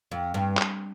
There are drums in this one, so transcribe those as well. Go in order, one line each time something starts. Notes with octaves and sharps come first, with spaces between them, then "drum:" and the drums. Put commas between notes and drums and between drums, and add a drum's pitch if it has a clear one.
F2
G2
drum: clap